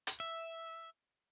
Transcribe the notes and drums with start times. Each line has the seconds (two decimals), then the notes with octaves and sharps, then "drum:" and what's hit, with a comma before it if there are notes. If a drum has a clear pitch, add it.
0.07 drum: hi-hat
0.20 E5